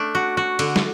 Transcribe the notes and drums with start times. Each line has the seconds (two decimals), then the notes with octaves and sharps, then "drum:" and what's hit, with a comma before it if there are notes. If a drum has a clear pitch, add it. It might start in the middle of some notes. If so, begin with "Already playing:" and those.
Already playing: A3 D4
0.15 F#4
0.37 F#4
0.59 D3, drum: cymbal
0.76 drum: snare